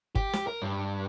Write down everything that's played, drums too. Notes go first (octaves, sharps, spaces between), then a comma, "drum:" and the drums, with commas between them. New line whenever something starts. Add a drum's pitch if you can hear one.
G4, drum: kick G1
drum: snare
A#4
G2